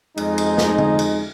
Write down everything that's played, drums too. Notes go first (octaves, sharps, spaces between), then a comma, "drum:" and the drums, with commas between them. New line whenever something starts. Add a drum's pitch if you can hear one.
F2 G#3 D#4, drum: cymbal
drum: cymbal
drum: snare
drum: tom
drum: cymbal